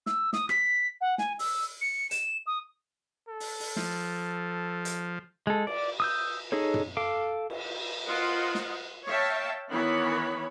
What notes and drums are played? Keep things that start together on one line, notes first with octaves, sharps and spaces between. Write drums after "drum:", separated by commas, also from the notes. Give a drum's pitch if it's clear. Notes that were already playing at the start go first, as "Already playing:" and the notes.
E6, drum: snare
D#6, drum: snare
B6, drum: rim click
F#5
G#5, drum: snare
E6, drum: open hi-hat
C#7
E7, drum: hi-hat
D#6
A4
drum: open hi-hat
drum: open hi-hat
F3, drum: snare
drum: hi-hat
G#3 A4
D5, drum: cymbal
D#6 E6 G6
D#4 G#4 A4 C#5
drum: tom
A4 F5 D6
drum: cymbal
F4 A#4 C5 D#5 F#5
drum: snare
C#5 E5 F5 G5 A5
D#3 E3 B3 C#5 B5